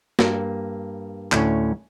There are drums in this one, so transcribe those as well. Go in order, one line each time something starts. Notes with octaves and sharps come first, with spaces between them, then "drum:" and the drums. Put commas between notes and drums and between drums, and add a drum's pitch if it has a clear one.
G2 A#3, drum: snare
D2 A2 C#4, drum: clap